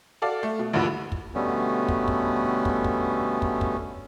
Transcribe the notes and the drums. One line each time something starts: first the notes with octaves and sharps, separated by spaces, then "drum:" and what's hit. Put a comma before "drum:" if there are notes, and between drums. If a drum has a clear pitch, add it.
F#4 A4 D5 F5
A3
B2
D2 G2 A#2 D3 E3
drum: kick
B2 D3 G3 A3 B3 C#4
drum: kick
drum: kick
drum: kick
drum: kick
drum: kick
drum: kick